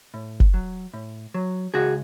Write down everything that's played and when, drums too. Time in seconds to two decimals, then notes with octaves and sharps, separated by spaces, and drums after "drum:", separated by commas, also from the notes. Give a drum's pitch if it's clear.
0.14 A2
0.40 drum: kick
0.54 F#3
0.94 A2
1.34 F#3
1.74 C#2 F#4 G#4